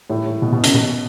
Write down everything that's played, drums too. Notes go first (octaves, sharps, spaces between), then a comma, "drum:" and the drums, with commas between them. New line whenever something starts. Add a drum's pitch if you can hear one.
A2
A2
B2
B2
C#3, drum: hi-hat
B2